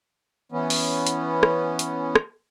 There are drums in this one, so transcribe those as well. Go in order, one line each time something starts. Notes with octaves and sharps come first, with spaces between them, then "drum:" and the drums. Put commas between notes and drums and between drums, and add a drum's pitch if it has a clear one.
E3 B3 C#4
drum: open hi-hat
drum: hi-hat
drum: rim click
drum: hi-hat
drum: rim click